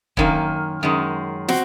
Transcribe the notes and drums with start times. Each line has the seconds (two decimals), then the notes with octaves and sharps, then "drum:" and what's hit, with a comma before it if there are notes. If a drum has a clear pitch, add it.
0.17 F#2 D#3 A#3, drum: kick
0.83 F#2 D#3 G#3
1.48 C4 F#4, drum: snare